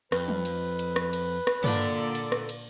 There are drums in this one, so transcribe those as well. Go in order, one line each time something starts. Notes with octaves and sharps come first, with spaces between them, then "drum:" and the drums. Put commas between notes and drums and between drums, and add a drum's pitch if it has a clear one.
F2 B4, drum: rim click
drum: tom F3
drum: cymbal
drum: cymbal
drum: rim click
drum: cymbal
drum: rim click
A#2 D3 A4 D5 B5, drum: tom G2
drum: cymbal
drum: rim click
drum: cymbal